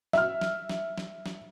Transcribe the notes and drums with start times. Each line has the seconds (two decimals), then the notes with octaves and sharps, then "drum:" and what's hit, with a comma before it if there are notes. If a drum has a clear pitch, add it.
0.13 E5 F6, drum: snare
0.41 drum: snare
0.70 drum: snare
0.98 drum: snare
1.26 drum: snare